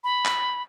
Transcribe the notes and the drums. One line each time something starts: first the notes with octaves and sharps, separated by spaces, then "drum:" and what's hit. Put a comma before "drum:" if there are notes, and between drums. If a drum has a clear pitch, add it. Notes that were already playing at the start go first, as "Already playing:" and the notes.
B5
drum: clap